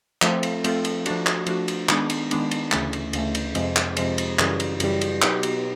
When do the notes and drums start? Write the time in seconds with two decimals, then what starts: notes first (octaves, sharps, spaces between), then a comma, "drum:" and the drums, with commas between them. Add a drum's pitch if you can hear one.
0.22 F3 A3 C4 F4 A4, drum: clap
0.43 drum: cymbal
0.64 F3 A3 C4 F4 A4, drum: cymbal
0.85 drum: cymbal
1.06 F3 A3 D4 F#4, drum: cymbal
1.26 drum: clap
1.47 F3 A3 D4 F#4, drum: cymbal
1.68 drum: cymbal
1.89 D#3 G#3 B3 D4, drum: clap
2.10 drum: cymbal
2.31 D#3 G#3 B3 D4, drum: cymbal
2.51 drum: cymbal
2.72 D2 C#3 E3 A3, drum: clap
2.93 drum: cymbal
3.13 D2 C#3 E3 A3, drum: cymbal
3.35 drum: cymbal
3.55 F2 C3 F3 G#3, drum: cymbal
3.76 drum: clap
3.97 F2 C3 F3 G#3, drum: cymbal
4.18 drum: cymbal
4.39 F#2 C#3 E3 G3, drum: clap
4.60 drum: cymbal
4.80 F#2 C#3 E3 G3, drum: cymbal
5.01 drum: cymbal
5.22 B2 F#3 B3 D#4 G4, drum: clap
5.43 drum: cymbal